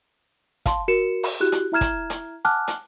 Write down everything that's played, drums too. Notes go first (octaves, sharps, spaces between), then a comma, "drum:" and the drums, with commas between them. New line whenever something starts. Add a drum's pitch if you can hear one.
F5 A5 C6, drum: kick, hi-hat
F#4 A#4 C#7 E7
drum: open hi-hat
E4 F#4 G4 F#6
drum: hi-hat
E4 E5 A#5 F6 G#6 E7
drum: kick, hi-hat
drum: hi-hat
F#5 G#5 A5 D6 F6 F#6
drum: hi-hat